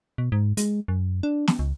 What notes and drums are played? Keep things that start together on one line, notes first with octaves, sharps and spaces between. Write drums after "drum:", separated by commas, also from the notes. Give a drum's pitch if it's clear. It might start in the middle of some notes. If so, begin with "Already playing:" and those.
B2
G#2
G#3, drum: hi-hat
F#2
D4
drum: snare
C#2